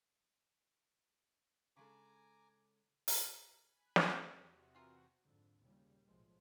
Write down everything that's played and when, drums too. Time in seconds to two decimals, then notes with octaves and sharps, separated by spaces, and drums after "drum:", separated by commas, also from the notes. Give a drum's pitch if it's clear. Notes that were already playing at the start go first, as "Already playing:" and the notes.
1.76 C#3 G#3 A4 G#5 A#5 D6
3.08 drum: open hi-hat
3.61 G#5 B5 F#6
3.96 drum: snare
4.10 E2 C3 F#4
4.75 E3 F4 A#4
5.22 F2 G#2 D3
5.58 D#2 A#2 C#3 G3
6.07 B1 A2 F3 G#3